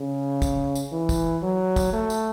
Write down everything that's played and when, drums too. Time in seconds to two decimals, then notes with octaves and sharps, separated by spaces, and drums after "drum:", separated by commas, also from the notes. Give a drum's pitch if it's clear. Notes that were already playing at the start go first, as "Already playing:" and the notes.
Already playing: C#3
0.42 drum: kick, tambourine
0.75 drum: tambourine
0.92 E3
1.09 drum: kick, tambourine
1.43 F#3
1.76 drum: kick, tambourine
1.93 A3
2.10 drum: tambourine